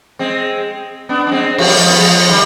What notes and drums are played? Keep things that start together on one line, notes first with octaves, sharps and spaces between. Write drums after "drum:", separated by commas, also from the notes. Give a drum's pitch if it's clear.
G#3 C4
B3 D4
D4
G#3 C4
F3, drum: cymbal
G3
F3 G#3
B3
F3 G#3
D#3 G3